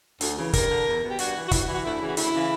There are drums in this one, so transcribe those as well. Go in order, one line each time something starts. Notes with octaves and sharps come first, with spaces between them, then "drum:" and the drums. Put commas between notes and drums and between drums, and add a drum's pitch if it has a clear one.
D2, drum: hi-hat
C#3 E3
G2 A#4, drum: kick, hi-hat
D3
E2
B2
G4
G2 F#4, drum: hi-hat
E3
F#4
G2 E4, drum: kick, hi-hat
F#4
E3
F#4
D2 E4
C#3 E3
F#4
D2 E4, drum: hi-hat
C#3 E3